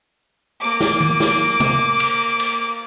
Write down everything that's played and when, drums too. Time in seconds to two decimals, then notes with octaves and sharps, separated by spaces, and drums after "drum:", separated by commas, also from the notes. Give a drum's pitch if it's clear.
0.61 A#3 D6
0.80 drum: snare
1.00 drum: tom D#3
1.20 drum: snare
1.60 drum: tom
2.00 drum: cymbal
2.40 drum: cymbal